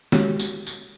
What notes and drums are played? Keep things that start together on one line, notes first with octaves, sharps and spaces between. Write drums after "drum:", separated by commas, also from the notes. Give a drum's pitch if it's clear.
G#3 C#4 F#4 G4 C#5, drum: snare
drum: tambourine
drum: tambourine